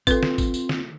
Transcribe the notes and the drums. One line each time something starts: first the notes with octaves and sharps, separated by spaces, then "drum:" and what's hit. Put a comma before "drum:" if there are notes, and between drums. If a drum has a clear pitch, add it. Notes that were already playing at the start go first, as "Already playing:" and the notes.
C4 F4 A4 B4 F5, drum: kick G#1, tambourine
drum: snare
drum: kick G#1, tambourine
drum: tambourine
drum: snare